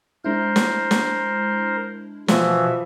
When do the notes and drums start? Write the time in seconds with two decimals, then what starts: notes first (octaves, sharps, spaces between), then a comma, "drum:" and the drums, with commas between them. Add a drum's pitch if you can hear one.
0.24 G#3 D4 E4 A#4 C5
0.56 drum: snare
0.91 drum: snare
2.28 B2 E3 F3 E5, drum: snare